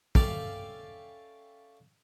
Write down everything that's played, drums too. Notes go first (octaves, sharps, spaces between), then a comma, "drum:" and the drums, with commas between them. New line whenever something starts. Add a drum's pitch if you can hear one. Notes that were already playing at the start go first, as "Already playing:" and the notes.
C#4 A4 D5 E5 F5 G5, drum: kick